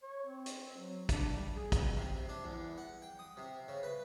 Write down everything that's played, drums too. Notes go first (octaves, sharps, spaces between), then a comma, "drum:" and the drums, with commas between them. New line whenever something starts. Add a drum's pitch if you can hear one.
C#5
C4
drum: hi-hat
F#3
D4, drum: kick, hi-hat
G3
G#4
drum: kick, hi-hat
C3
D4
E2
F#5
G5
D#6
C3
C#3
B4